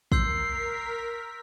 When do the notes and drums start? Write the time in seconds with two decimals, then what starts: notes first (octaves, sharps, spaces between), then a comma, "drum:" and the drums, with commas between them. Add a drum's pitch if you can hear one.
0.12 A#4 C6 E6 G6 B6 C7, drum: kick